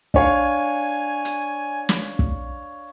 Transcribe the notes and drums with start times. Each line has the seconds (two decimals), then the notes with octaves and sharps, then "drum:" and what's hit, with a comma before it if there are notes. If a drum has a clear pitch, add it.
0.14 D4 C#5 F5 G#5, drum: kick
1.25 drum: hi-hat
1.89 drum: snare
2.19 drum: kick